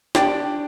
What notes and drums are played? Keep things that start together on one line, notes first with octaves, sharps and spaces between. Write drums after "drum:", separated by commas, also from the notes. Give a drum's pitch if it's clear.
D4 G4 D5 G5, drum: snare